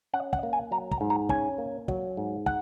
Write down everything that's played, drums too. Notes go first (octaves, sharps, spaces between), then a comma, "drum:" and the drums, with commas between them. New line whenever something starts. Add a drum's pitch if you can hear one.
C#4 F#5
F#5, drum: kick
A#3
G#5
F#3 A#5
A#5, drum: kick
G#2
A#5
C#4 G#5, drum: kick
A#3
F#3, drum: kick
G#2
F#5, drum: kick